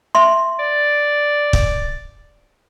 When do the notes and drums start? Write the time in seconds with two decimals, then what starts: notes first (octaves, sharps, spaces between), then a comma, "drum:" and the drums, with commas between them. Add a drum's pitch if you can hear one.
0.15 E5 C6
0.59 D5
1.53 drum: kick